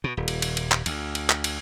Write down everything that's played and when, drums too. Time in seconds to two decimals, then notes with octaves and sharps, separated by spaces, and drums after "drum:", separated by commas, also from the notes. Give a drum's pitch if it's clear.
0.04 B2
0.17 D#1
0.28 drum: cymbal
0.42 drum: cymbal
0.57 drum: cymbal
0.71 drum: clap
0.86 D2, drum: cymbal
1.15 drum: cymbal
1.30 drum: clap
1.44 drum: cymbal